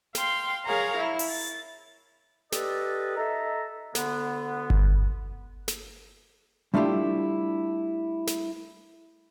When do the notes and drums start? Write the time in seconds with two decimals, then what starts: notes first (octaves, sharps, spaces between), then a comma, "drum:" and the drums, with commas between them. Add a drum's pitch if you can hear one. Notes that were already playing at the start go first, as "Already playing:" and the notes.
0.15 F5 G5 C6, drum: snare
0.65 G#4 A#4 C#5 F5 A#5
0.97 E4
1.19 drum: open hi-hat
1.29 A6
2.52 G4 A4 B4 D5 D#5, drum: snare
3.17 D#4 A4 E5 A#5
3.95 D2 D3 B3, drum: snare
4.70 drum: kick G1
5.68 drum: snare
6.74 G3 A3 D4 E4 F4 G4
8.27 drum: snare